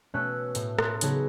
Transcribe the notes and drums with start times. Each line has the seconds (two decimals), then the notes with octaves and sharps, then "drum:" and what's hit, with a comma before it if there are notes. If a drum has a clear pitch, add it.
0.14 B2 A3 C#4 E6 F#6
0.55 A2, drum: hi-hat
0.79 C6 D#6 F#6, drum: rim click
1.01 C#3 F#3 B3 D#4 G#4 A4, drum: hi-hat